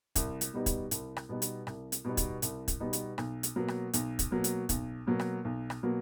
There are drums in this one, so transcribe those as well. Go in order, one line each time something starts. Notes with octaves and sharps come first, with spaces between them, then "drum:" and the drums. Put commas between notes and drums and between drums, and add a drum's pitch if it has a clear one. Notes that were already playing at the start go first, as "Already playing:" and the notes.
C2, drum: kick, hi-hat
drum: hi-hat
B2 G3 B3 D#4
drum: kick, hi-hat
C2, drum: hi-hat
drum: rim click
B2 G3 B3 D#4
drum: hi-hat
C2, drum: rim click
drum: hi-hat
B2 G3 B3 D#4
drum: kick, hi-hat
C2, drum: hi-hat
drum: kick, hi-hat
B2 G3 B3 D#4
drum: hi-hat
B1, drum: rim click
drum: hi-hat
B2 F#3 A#3
drum: rim click
B1, drum: hi-hat
drum: kick, hi-hat
B2 F#3 A#3
drum: hi-hat
B1, drum: kick, hi-hat
B2 F#3 A#3
drum: rim click
B1
drum: rim click
B2 F#3 A#3